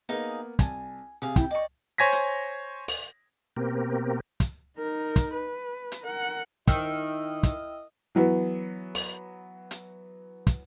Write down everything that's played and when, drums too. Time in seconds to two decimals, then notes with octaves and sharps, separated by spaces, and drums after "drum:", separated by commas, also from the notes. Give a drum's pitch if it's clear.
0.09 A#3 B3 D#4 G#4 F5
0.59 C2 G#5 A5, drum: kick, hi-hat
1.22 C3 G#4 F5
1.36 E4 G5, drum: kick, hi-hat
1.51 D5 D#5 G5 C#6
1.98 C5 C#5 G#5 G#6 A#6 B6
2.13 drum: hi-hat
2.88 drum: open hi-hat
3.57 B2 A#3 C4 G4 A#4
4.40 drum: kick, hi-hat
4.78 D#4 A#4
5.16 drum: kick, hi-hat
5.34 B4
5.92 drum: hi-hat
6.03 A#4 F#5
6.67 D#3 E4 D#5 G5 E6 F6, drum: kick, hi-hat
7.43 drum: kick, hi-hat
8.15 E3 F#3 B3
8.95 drum: open hi-hat
9.71 drum: hi-hat
10.47 drum: kick, hi-hat